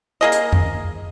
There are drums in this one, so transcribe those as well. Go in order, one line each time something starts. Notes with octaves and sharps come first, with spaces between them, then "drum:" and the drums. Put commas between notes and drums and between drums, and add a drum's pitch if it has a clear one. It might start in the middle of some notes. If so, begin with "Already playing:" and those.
A#3 G#4 D#5
drum: hi-hat
drum: tom F2